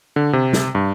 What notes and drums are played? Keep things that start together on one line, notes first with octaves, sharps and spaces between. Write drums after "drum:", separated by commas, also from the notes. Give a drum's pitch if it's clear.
D3
C3
drum: snare
G2